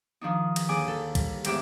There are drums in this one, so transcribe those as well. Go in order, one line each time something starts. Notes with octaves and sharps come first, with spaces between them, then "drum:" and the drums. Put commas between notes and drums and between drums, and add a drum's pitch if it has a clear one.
D#3 F3 D4 D#4
drum: cymbal
D#2 D3 G#4 G#5 D6
A4, drum: tom D3
G3, drum: kick B1, cymbal
E2 G#2 G4 C5 E5 D6, drum: cymbal